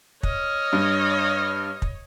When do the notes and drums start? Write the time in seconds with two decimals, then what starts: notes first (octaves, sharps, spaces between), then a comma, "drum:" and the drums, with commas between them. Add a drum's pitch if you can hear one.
0.23 C#5 D#5 F6, drum: kick
0.73 G2
1.82 drum: kick